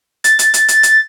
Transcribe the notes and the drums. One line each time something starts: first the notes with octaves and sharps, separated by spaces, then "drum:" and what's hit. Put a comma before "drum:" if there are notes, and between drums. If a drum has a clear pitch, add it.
A6, drum: hi-hat
drum: hi-hat
drum: hi-hat
drum: hi-hat
drum: hi-hat